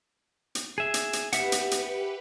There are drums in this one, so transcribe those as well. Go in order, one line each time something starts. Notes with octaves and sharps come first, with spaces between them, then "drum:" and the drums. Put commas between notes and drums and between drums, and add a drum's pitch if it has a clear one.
drum: hi-hat
G#4 E5
drum: hi-hat
drum: hi-hat
G4 B4 E5 F#5, drum: hi-hat
drum: hi-hat
drum: hi-hat